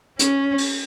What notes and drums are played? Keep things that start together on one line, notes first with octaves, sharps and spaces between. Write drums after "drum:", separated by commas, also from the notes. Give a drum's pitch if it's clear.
C#4, drum: hi-hat
drum: open hi-hat